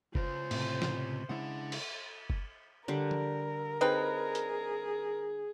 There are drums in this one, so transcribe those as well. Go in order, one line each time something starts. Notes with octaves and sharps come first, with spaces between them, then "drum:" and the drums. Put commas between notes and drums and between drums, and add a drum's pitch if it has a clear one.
C#3 F4 C5, drum: kick
A2 C3, drum: cymbal
drum: snare
C#3 G#3 D4 E4 F#5
drum: cymbal
drum: kick
D3 G3 A#4
drum: tom
C4 D#4 G#4 B4
drum: hi-hat